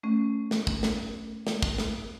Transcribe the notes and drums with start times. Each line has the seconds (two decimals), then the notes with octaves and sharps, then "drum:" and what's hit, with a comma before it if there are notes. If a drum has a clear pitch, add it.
0.03 A3 C#4
0.51 drum: snare
0.67 drum: kick
0.83 drum: snare
1.47 drum: snare
1.62 drum: kick
1.78 drum: snare